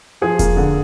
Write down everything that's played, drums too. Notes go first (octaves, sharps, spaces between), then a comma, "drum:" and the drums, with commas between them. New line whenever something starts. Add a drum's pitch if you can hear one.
F3 G#4
A#3, drum: kick E1, hi-hat
D3